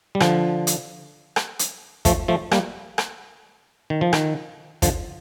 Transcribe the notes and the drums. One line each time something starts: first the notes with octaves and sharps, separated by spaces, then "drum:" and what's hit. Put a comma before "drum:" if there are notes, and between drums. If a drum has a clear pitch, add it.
G3
D3 F3, drum: rim click
drum: hi-hat
drum: rim click
drum: hi-hat
F3 A3, drum: kick, hi-hat
F3 A3
G3 A#3, drum: rim click
drum: rim click
D#3
F3
D#3, drum: rim click
D3 F3, drum: kick, hi-hat